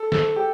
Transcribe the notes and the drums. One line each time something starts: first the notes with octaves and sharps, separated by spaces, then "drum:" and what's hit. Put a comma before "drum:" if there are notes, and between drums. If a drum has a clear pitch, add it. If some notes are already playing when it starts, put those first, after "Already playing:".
Already playing: A4
A4, drum: snare
G4